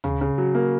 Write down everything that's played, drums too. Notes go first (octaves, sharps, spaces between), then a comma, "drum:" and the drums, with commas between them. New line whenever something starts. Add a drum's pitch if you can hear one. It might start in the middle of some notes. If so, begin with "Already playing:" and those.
C#3, drum: tom D2
C#3
F#3
A#3